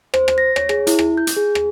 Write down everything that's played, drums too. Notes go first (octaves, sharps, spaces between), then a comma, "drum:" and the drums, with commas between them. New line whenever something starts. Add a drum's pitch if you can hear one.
C5, drum: rim click
drum: rim click
A#6
C#5, drum: rim click
G#4, drum: rim click
E4, drum: hi-hat
drum: rim click
G6
drum: hi-hat
G#4
drum: rim click